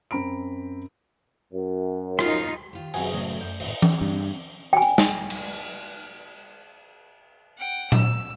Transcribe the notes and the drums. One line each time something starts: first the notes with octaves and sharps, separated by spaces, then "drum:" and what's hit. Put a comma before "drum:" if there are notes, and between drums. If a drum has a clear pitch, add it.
F#2 C4 A#5 B5 D7
F#2
D#4 F4, drum: rim click
D#3 F4 G4
F#1 F#2 C3 F#4 G#4, drum: open hi-hat
A2 C#3 F#3
A3
F#2 G6
G#1 A2, drum: open hi-hat
drum: tom E3
G2
G5 G#5
drum: hi-hat
drum: snare
drum: cymbal
F#5 G5
E6, drum: tom A#2